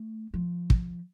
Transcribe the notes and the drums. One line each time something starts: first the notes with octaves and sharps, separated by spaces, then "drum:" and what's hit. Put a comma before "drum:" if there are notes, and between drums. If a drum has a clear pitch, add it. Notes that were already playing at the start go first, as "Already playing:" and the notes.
Already playing: A3
F3
drum: kick